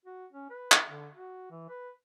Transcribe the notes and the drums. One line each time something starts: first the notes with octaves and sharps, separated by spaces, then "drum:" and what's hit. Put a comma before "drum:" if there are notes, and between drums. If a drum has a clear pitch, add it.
F#4
C#4
B4
drum: clap
D3
F#4
E3
B4